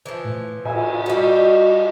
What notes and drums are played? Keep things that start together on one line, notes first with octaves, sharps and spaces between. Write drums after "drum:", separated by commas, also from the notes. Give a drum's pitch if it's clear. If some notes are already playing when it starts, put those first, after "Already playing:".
E3 F3
A2
G#5, drum: cymbal
G3 D#4 F#4